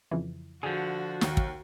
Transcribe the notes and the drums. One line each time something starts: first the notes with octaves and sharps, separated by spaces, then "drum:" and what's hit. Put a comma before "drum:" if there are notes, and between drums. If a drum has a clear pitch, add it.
F2 C#3 E3
D3 F3 F#4 G#4
D#2, drum: snare
drum: kick